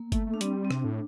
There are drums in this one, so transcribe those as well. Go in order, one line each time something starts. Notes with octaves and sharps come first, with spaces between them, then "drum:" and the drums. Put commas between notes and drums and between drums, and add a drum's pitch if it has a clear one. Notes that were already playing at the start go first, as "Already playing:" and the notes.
Already playing: A#3
A3, drum: kick G1, hi-hat
A3
D4
G3 C4, drum: hi-hat
C4
C3 D4, drum: rim click
A2